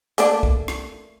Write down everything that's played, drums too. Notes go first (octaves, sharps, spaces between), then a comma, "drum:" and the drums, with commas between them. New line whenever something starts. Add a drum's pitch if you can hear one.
A3 A#3 D4, drum: hi-hat
drum: kick
drum: rim click